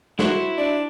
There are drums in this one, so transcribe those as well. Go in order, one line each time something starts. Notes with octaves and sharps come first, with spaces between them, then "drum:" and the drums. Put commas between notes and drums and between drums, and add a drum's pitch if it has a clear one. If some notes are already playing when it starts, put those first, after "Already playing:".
E4 F#4 C5, drum: snare
D4